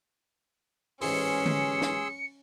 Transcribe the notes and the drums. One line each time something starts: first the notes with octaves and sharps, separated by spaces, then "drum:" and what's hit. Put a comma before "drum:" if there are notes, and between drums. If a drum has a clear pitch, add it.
A1 G#2 E3 C#4 G#4 C6 E6 C#7, drum: open hi-hat
drum: tom D3
drum: snare